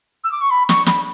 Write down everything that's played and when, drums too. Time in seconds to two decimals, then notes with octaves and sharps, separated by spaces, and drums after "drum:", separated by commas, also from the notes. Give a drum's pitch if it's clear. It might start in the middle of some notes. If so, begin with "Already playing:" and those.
0.24 E6
0.32 D6
0.41 C#6
0.50 B5
0.69 C#6, drum: snare
0.86 B5, drum: snare